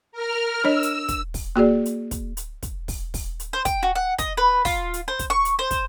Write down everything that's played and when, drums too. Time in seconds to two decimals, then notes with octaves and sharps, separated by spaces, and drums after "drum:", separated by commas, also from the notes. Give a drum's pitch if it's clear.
0.12 A#4 F6
0.64 D4 C#5 D#5 E6
0.83 drum: hi-hat
1.08 drum: kick, hi-hat
1.34 drum: kick, open hi-hat
1.56 A#3 F#4 G#4 D5
1.85 drum: hi-hat
2.11 drum: kick, hi-hat
2.37 drum: hi-hat
2.63 drum: kick, hi-hat
2.88 drum: kick, open hi-hat
3.14 drum: kick, open hi-hat
3.40 drum: hi-hat
3.53 C5
3.65 G5, drum: kick, hi-hat
3.83 F#4
3.95 F#5
4.19 D#5, drum: kick, hi-hat
4.37 B4
4.65 F4, drum: kick, open hi-hat
4.94 drum: hi-hat
5.08 C5
5.19 drum: kick, hi-hat
5.30 C#6
5.45 drum: hi-hat
5.59 C5
5.71 drum: kick, hi-hat